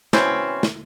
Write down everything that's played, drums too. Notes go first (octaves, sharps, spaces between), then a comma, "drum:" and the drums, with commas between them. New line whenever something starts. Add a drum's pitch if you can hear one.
B2 E3 C4 C#4, drum: snare
drum: snare